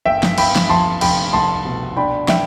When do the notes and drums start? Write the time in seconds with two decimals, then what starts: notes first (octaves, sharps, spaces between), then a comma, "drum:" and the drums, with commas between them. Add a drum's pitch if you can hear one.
0.05 G1 E5 G5
0.23 drum: snare
0.38 G1 G5 B5, drum: cymbal
0.56 drum: snare
0.69 F2 A5 C6
1.01 F1 G5 B5, drum: cymbal
1.33 C2 A5 C6
1.65 B2
1.97 D4 G5 B5
2.28 D4 E5 G5, drum: snare